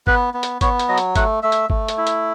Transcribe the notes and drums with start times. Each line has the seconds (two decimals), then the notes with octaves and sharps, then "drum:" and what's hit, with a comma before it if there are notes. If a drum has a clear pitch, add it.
0.07 B3 B4, drum: kick G1
0.34 B3
0.43 drum: hi-hat
0.61 B3 C#5, drum: kick G1, hi-hat
0.79 drum: hi-hat
0.89 F#3 D#5
0.98 drum: hi-hat
1.16 A3 F#5, drum: kick G1, hi-hat
1.42 A3 E5
1.52 drum: hi-hat
1.70 A3, drum: kick G1
1.88 drum: hi-hat
1.97 E4
2.07 drum: hi-hat